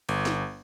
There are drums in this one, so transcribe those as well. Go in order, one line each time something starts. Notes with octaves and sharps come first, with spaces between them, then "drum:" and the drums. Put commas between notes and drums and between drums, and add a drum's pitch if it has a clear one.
G1, drum: cymbal
drum: snare